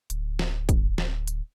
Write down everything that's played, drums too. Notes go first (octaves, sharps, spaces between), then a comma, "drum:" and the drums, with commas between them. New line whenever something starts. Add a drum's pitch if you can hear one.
D1, drum: hi-hat
drum: snare
drum: kick, hi-hat
drum: snare
drum: hi-hat